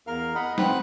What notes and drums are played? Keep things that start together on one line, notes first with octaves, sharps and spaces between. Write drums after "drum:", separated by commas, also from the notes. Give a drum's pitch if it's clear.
E2 A#4 F5 F6
D#5 F#5 B5
C4 B4 F#5 F#6, drum: snare